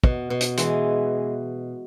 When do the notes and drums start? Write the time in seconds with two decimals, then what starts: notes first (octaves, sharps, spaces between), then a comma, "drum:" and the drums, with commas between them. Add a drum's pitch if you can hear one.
0.04 B2, drum: kick
0.30 B2
0.41 drum: hi-hat
0.57 E3 G#3, drum: hi-hat